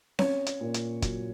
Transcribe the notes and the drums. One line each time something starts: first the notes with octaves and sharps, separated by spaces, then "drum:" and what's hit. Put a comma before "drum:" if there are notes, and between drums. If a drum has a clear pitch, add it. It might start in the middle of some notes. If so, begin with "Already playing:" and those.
C#4 C#5, drum: snare C4
drum: hi-hat
A#2
drum: hi-hat
F#3, drum: kick, hi-hat